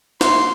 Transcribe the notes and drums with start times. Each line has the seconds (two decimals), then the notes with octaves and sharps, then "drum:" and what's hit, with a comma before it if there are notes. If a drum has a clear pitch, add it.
0.21 C6, drum: snare